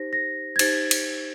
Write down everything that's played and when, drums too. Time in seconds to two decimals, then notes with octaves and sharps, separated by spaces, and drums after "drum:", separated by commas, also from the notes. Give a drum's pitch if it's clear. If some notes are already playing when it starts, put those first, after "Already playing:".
Already playing: D#4 G4 C5 A#6
0.13 A#6
0.56 G#6
0.59 D#4 G4 C5 A6, drum: cymbal
0.91 drum: cymbal